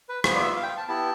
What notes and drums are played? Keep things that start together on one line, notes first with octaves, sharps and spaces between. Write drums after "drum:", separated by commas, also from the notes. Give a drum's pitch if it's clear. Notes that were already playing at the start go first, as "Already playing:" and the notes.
B4
B3 F4 C5, drum: rim click
D5
E5
F5
G5
F5
A5
B3 E4 G4 A5